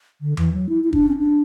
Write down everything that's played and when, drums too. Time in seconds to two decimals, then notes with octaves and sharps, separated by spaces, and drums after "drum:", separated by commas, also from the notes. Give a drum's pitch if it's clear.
0.21 D3
0.37 E3, drum: tom E2
0.53 F#3
0.69 E4
0.84 E4
0.93 D4, drum: kick
1.09 C#4
1.17 D4